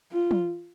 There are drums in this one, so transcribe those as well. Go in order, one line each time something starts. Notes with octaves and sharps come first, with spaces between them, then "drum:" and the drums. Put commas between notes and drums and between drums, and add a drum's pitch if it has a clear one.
F4
drum: tom